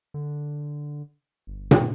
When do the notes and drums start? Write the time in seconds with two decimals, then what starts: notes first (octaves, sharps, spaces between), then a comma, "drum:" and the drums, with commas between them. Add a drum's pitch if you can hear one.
0.14 D3
1.47 G1
1.71 drum: tom A#2